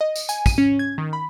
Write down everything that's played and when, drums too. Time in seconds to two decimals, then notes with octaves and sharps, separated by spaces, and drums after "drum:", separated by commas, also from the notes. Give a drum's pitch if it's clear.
0.01 D#5
0.16 drum: tambourine
0.29 G#5, drum: tambourine
0.46 D#7, drum: kick, tambourine
0.58 C#4
0.79 G#6
0.98 D#3
1.13 B5